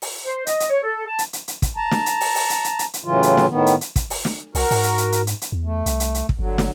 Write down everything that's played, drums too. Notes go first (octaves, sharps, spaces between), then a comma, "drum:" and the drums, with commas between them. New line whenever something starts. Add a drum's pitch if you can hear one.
drum: open hi-hat
C5
D#5, drum: hi-hat
drum: hi-hat
C#5
A4
A5
drum: hi-hat
drum: hi-hat
drum: hi-hat
drum: kick, hi-hat
A5 A#5
drum: snare
drum: hi-hat
drum: open hi-hat
drum: open hi-hat
drum: hi-hat
drum: hi-hat
drum: hi-hat
drum: hi-hat
A2 C#3 E3 F#3 F4
drum: hi-hat
drum: snare
A2 D#3 B3
drum: hi-hat
drum: hi-hat
drum: kick, hi-hat
drum: open hi-hat
drum: snare
C2 F#4 A#4, drum: open hi-hat
G#2, drum: open hi-hat
drum: hi-hat
drum: hi-hat
drum: hi-hat
drum: hi-hat
drum: hi-hat
E2
A3
C2, drum: hi-hat
drum: hi-hat
drum: hi-hat
drum: kick
G1 D3 F#3
drum: snare